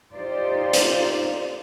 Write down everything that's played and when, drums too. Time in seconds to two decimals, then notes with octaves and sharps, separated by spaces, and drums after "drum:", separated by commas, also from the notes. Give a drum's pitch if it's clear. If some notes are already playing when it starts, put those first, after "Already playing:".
0.14 D#4 F4 G4 C5 D5
0.73 drum: hi-hat